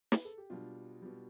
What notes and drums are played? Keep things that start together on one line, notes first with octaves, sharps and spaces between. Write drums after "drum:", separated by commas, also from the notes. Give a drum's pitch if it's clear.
B4, drum: snare
A4
G4
B2 G3 D4 F4
B2 G3